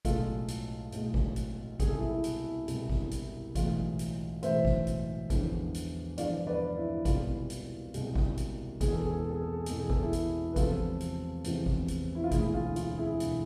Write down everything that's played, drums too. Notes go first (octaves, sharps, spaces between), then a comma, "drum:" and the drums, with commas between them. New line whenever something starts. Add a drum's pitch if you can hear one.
B1 A2 G#3 F4 A4, drum: kick G#1, hi-hat
drum: hi-hat
B1 A2 G#3, drum: hi-hat
drum: kick G#1
drum: hi-hat
C2 B2 G#3 G#4, drum: kick G#1, hi-hat
A4
E4 G#4
drum: hi-hat
C2 B2 G#3, drum: hi-hat
drum: kick G#1
drum: hi-hat
B1 A2 E3 G#3 F4, drum: kick G#1, hi-hat
drum: hi-hat
B1 A2 E3 G#3 C5 E5, drum: hi-hat
drum: kick G#1
drum: hi-hat
E2 D3 F3 G#3, drum: kick G#1, hi-hat
drum: hi-hat
E2 D3 F3 G#3 D5 F5, drum: hi-hat
B4 D5
E4
C2 B2 G#3 F4, drum: kick G#1, hi-hat
drum: hi-hat
C2 B2 G#3, drum: hi-hat
drum: kick G#1
drum: hi-hat
E2 B2 G#3 G#4, drum: kick G#1, hi-hat
A4
G#4
A4
G#4
A4
G#4
E2 B2 G#3 A4, drum: hi-hat
G#4
A4, drum: kick G#1
E4 G#4
drum: hi-hat
B4
E2 C3 F3 G#3 F4 A4, drum: kick G#1, hi-hat
drum: hi-hat
E2 C3 F3 G#3, drum: hi-hat
drum: kick G#1
drum: hi-hat
E4
F4
E1 D2 D3 E4 G#4, drum: kick G#1, hi-hat
G#4
F4
F4, drum: hi-hat
E4 G#4
E1 D3, drum: hi-hat